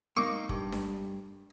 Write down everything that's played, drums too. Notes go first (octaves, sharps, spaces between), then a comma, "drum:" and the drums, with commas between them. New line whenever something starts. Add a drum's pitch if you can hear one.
A#3 D#4 C#6 D6
G2, drum: kick
drum: snare D4